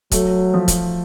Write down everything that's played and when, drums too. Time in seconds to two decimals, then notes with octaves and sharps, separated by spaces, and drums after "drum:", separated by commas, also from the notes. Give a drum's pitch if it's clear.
0.12 F#3 A3, drum: kick, hi-hat
0.54 F3
0.68 drum: kick, hi-hat